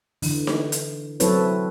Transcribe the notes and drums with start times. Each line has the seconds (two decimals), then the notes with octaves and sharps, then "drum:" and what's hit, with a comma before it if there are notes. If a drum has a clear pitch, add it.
0.22 D3 E3, drum: open hi-hat
0.47 drum: snare D#4
0.72 drum: hi-hat
1.20 F#3 C4 E4 A4 B4 C#5, drum: hi-hat